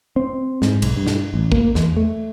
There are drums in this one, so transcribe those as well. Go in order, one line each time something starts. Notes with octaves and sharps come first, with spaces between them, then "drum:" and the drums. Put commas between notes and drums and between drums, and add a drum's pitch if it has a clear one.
C4
G#2, drum: snare
B1, drum: cymbal
G2
drum: snare
A1
A#3, drum: kick
E2, drum: snare
A3